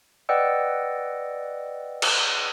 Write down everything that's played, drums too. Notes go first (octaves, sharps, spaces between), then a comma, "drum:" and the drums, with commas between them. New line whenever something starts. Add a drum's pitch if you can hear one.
B4 D5 D#5 F#5 G5 E6
drum: cymbal